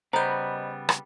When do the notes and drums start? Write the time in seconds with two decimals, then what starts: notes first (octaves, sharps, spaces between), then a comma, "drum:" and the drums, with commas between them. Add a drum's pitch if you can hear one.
0.13 C#3 G3 B3 C5 D#5 A#5 G6
0.89 drum: rim click